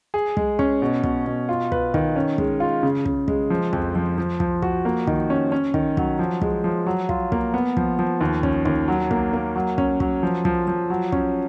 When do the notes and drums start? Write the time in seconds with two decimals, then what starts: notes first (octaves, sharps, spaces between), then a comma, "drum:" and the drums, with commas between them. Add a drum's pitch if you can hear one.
0.14 G#4
0.37 G#3, drum: kick
0.59 C#4, drum: kick
0.82 B2
1.03 B2, drum: kick
1.26 B2
1.49 F4
1.72 B4, drum: kick
1.94 D#3, drum: kick
2.16 C#4
2.38 G#3, drum: kick
2.60 F4
2.83 C#3
3.06 C#3, drum: kick
3.28 G#3, drum: kick
3.50 F3
3.73 F2, drum: kick
3.95 F3
4.18 F3
4.40 F3, drum: kick
4.62 F#4, drum: kick
4.85 A#3
5.07 D#3, drum: kick
5.30 C#4
5.52 C#4
5.74 D#3, drum: kick
5.97 F#3, drum: kick
6.19 F3
6.41 G#3, drum: kick
6.64 F3
6.86 F#3
7.09 F4, drum: kick
7.32 A#3, drum: kick
7.54 B3
7.77 F3, drum: kick
7.99 F3
8.21 D#2
8.43 C#4, drum: kick
8.65 D#2, drum: kick
8.88 F#3
9.11 A#3, drum: kick
9.33 A#3
9.56 F#3
9.78 C#4, drum: kick
10.00 F#3, drum: kick
10.23 F3
10.45 F3, drum: kick
10.68 F3
10.90 F#3
11.12 C#4, drum: kick